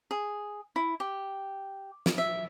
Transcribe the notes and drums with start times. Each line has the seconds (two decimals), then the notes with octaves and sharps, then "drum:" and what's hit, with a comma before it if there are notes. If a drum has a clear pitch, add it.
0.11 G#4
0.76 E4
1.00 G4
2.06 drum: snare
2.18 E5